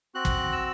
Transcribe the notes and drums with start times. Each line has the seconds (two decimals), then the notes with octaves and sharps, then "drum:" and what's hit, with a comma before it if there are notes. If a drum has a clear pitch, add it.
0.15 C4 F#4 F#6
0.25 drum: kick
0.52 E6